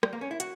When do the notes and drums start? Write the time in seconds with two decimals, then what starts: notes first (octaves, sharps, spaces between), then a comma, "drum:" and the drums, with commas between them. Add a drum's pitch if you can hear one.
0.03 G3, drum: rim click
0.13 A#3
0.21 C#4
0.31 E4
0.40 F#4, drum: hi-hat